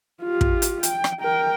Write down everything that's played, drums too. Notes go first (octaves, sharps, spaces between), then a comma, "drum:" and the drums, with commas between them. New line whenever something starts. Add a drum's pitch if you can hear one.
F4 G4
drum: kick
drum: hi-hat
G5, drum: hi-hat
drum: rim click
A#4 G5